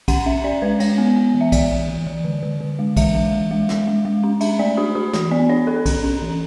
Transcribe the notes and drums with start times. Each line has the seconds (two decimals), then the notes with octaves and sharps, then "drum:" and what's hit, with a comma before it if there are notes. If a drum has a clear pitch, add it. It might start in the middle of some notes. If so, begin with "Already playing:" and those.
0.08 C#4 F#5, drum: kick B1, cymbal
0.26 C#4 E5
0.44 C#4 D5
0.62 G#3 B4
0.80 G#3 C#5, drum: cymbal
0.98 B3
1.16 B3
1.34 E3
1.41 E5
1.52 E3 D5, drum: kick B1, cymbal
1.71 E3
1.89 E3
2.07 E3
2.24 D3
2.43 D3
2.61 D3
2.79 G#3
2.97 E3 E5, drum: kick B1, cymbal
3.15 G#3
3.33 E3
3.51 G#3
3.69 G#3, drum: snare
3.87 G#3
4.05 G#3
4.23 C#4
4.41 D4 E5, drum: cymbal
4.59 A3 D5
4.77 D4 F#4
4.95 D4 F#4
5.13 E3 F#4, drum: snare
5.31 B3 D5
5.49 D4 C#5
5.67 D4 A4
5.86 C#4, drum: kick B1, cymbal
6.04 C#4
6.22 E3